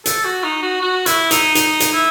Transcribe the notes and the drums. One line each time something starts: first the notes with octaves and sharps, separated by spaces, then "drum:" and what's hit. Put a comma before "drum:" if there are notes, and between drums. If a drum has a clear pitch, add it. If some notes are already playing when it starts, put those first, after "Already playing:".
A4, drum: hi-hat
F#4
D#4
F#4
F#4
E4, drum: hi-hat
D#4, drum: hi-hat
D#4, drum: hi-hat
drum: hi-hat
E4